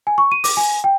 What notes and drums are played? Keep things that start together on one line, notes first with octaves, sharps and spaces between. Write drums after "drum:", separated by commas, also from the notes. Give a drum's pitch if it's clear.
G#5
C#6
D#7
D6, drum: open hi-hat
G#5
G5